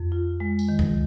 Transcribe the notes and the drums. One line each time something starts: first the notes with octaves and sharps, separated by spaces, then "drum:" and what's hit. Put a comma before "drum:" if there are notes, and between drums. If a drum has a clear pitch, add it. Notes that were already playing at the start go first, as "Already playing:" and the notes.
Already playing: F2
F4
G#3
drum: tambourine
D#3
drum: kick C#2